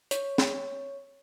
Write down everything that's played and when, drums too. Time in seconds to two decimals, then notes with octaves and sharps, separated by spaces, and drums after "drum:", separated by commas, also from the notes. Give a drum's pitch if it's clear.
0.11 C#5, drum: hi-hat
0.38 drum: snare